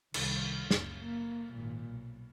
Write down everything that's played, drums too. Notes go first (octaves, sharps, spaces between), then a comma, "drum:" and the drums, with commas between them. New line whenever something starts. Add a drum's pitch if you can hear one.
C2 D#3, drum: cymbal
F#1 C#2, drum: snare
A#3
G#1 A#2
B1